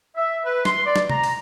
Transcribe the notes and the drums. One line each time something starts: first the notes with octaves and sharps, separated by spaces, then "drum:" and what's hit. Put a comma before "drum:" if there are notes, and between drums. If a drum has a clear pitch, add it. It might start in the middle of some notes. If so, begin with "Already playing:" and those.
E5
B4
C6, drum: snare
D5
drum: snare
A#5, drum: tom C3
drum: open hi-hat